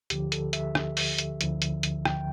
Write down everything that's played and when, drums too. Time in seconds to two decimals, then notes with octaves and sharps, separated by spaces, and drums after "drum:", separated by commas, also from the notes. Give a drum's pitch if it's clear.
0.10 D2 D3 F3 G4, drum: hi-hat
0.32 A4, drum: hi-hat
0.53 E5, drum: hi-hat
0.75 drum: rim click
0.97 drum: open hi-hat
1.18 drum: hi-hat
1.41 D2 D3 F3, drum: hi-hat
1.62 drum: hi-hat
1.83 drum: hi-hat
2.05 G5, drum: rim click